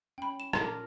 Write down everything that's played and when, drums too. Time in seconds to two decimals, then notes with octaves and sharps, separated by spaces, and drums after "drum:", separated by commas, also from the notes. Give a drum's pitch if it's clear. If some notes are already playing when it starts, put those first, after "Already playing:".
0.18 C#4 G5 B5
0.40 E7
0.53 A#2 A#4 D5 A5 C6, drum: rim click